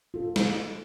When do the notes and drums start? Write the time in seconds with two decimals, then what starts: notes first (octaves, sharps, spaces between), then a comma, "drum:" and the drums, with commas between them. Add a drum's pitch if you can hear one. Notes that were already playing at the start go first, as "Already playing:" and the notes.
0.14 F4 A4
0.36 drum: snare